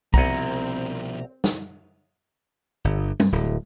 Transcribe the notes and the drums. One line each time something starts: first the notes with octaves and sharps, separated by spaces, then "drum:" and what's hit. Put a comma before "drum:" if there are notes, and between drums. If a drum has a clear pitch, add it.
C2 B2 F3 C4 D#5 F#5 A#5, drum: kick B1
drum: snare
G1
G2, drum: tom
D1